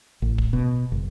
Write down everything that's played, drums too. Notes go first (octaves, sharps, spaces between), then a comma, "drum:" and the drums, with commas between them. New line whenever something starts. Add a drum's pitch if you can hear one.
A1
drum: kick
B2
F#1